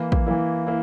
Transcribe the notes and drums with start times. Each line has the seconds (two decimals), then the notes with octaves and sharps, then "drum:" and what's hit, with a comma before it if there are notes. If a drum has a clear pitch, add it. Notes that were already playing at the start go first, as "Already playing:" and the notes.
Already playing: E3 A#3 E4
0.12 drum: kick
0.26 E3 A#3 E4
0.67 A#3 E4